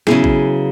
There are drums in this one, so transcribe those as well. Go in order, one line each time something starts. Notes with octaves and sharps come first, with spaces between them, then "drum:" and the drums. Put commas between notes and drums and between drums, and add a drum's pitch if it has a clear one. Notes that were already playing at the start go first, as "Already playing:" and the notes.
C#3 F#3 B3 E4 G#4, drum: snare
drum: kick